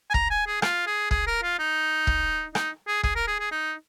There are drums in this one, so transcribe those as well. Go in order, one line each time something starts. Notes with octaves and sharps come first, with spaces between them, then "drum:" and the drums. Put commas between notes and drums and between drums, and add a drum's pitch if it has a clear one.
G#5
A#5, drum: kick
G#5
G#4
F4, drum: rim click
G#4
G#4, drum: kick
A#4
F4
D#4
drum: kick
D#4, drum: rim click
G#4
G#4, drum: kick
A#4
G#4
G#4
D#4